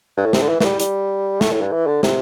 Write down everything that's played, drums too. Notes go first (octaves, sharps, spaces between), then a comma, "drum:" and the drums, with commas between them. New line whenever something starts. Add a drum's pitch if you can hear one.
G2
A2
C3, drum: snare
D3
E3
E3, drum: snare
G3
G3, drum: hi-hat
A3, drum: snare
A2
G2
E3
D3
C3, drum: snare